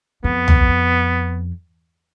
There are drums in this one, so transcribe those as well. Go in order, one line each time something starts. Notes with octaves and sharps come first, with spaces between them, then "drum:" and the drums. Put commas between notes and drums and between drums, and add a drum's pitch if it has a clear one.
F2 B3
drum: tom